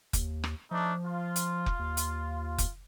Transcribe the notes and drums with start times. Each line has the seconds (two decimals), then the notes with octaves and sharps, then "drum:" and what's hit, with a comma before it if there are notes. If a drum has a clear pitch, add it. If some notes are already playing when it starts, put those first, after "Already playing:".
0.13 D#2, drum: kick F1, hi-hat
0.44 drum: rim click
0.71 F3 A3 D4 D#4
1.05 F4
1.36 drum: hi-hat
1.66 drum: kick F1
1.79 D#2
1.97 drum: hi-hat
2.58 drum: kick F1, hi-hat